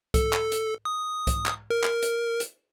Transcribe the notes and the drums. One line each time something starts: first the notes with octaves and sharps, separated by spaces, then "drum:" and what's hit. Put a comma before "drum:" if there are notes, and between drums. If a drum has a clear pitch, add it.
A4, drum: kick C2, hi-hat
drum: clap
drum: hi-hat
D#6
drum: kick C2, hi-hat
drum: clap
A#4
drum: clap
drum: hi-hat
drum: hi-hat